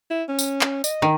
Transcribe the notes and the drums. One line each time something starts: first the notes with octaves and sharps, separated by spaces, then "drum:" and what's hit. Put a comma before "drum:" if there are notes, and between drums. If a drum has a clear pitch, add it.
E4
C#4
drum: tambourine
drum: clap
D#5, drum: tambourine
D#3